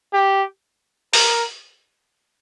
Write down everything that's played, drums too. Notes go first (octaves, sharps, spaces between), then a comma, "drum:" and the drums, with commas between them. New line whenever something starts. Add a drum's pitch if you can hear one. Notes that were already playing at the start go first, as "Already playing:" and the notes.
G4
A#4, drum: open hi-hat